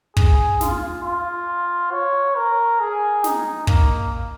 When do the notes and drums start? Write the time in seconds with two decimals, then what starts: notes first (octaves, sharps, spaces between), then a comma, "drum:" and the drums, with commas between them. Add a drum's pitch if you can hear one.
0.17 G#4, drum: kick
0.61 F4, drum: snare
1.04 F4
1.92 C#5
2.36 A#4
2.80 G#4
3.24 D#4, drum: snare
3.67 A#3, drum: kick